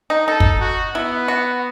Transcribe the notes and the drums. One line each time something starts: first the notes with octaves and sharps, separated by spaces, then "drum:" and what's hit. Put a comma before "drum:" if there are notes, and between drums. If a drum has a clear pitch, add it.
D#4
D#4 A4
drum: kick
F#4
B3 E4
F#4